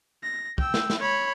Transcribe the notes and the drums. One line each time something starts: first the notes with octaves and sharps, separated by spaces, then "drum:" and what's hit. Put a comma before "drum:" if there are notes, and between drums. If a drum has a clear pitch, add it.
A#6
G5 E6, drum: kick
drum: snare
drum: snare
C#5 B5